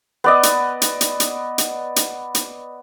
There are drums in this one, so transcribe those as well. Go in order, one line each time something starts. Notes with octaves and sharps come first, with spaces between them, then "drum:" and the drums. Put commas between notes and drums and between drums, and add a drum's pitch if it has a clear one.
B3 D5 D#5
drum: hi-hat
drum: hi-hat
drum: hi-hat
drum: hi-hat
drum: hi-hat
drum: hi-hat
drum: hi-hat